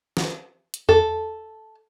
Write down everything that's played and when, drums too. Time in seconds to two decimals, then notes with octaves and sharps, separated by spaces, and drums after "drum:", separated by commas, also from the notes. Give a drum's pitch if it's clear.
0.17 drum: snare
0.74 drum: hi-hat
0.89 A4, drum: tom E2